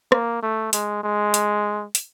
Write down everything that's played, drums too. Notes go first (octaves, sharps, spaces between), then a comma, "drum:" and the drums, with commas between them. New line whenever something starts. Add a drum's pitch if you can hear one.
A#3, drum: rim click
A3
G#3, drum: hi-hat
G#3
drum: hi-hat
drum: hi-hat